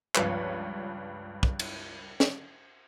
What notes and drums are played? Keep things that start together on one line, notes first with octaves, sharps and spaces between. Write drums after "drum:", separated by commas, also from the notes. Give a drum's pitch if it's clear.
C#2 G2 F3 B4 C#5, drum: clap
drum: kick
drum: cymbal
drum: snare